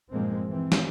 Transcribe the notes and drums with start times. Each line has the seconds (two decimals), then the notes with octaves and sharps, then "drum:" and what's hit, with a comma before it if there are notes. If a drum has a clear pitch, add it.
0.12 G2 A#2 F3 G#3 A#3 C4
0.47 E3 C4
0.72 drum: snare